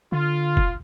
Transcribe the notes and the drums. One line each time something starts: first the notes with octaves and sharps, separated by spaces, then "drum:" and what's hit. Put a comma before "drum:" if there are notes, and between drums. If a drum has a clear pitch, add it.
D3 F4
drum: kick